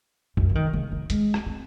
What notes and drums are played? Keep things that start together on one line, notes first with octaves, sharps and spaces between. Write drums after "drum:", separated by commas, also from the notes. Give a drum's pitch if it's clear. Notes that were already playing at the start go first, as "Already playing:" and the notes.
F#2, drum: kick A#1
F3
D#3
C#3
F3
G#3, drum: hi-hat
drum: rim click
C4